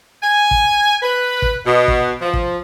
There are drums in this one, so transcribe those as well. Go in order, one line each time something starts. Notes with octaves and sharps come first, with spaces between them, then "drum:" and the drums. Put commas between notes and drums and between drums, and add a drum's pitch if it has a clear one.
G#5
drum: kick
B4
drum: kick
B2
drum: kick
F3
drum: kick